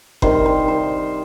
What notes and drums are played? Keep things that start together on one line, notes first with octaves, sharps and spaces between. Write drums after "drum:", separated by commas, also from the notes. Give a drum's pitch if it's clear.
C3 D#3 G3 C5, drum: kick F#1
C5
C5